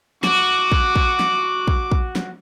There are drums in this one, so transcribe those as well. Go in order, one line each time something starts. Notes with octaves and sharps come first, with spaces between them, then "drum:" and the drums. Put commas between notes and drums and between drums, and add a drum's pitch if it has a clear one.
F#4 D6, drum: snare
drum: kick
drum: kick
drum: snare
drum: kick
drum: kick
drum: snare